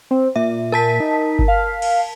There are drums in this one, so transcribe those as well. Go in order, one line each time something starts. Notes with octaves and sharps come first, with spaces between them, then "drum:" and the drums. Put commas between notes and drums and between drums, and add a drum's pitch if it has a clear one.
C4
A#2 E5
A#4 A5 B6
D#4
drum: kick G1
F5
drum: cymbal